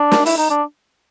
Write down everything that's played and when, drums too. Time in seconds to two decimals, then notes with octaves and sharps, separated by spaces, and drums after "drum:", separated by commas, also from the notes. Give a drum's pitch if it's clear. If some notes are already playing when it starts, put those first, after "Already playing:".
Already playing: D4
0.12 drum: snare
0.26 E4, drum: open hi-hat
0.38 D#4
0.50 D4